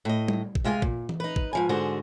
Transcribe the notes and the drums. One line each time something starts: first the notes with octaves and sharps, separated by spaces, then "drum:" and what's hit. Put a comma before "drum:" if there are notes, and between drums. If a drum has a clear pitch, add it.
A2 D#5
drum: tom G3
drum: kick
C3 G#3 F4 C#5 G#5
A#2, drum: kick
drum: tom E3
D#4 B4
drum: kick
G#2 F3 G#5
G#2 D3 F#4 G#4 C5